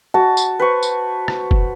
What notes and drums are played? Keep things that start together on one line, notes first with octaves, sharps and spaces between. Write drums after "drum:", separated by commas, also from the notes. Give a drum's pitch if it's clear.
F#4 A5
drum: tambourine
B4 C5 C#6
drum: tambourine
drum: rim click
drum: kick F#1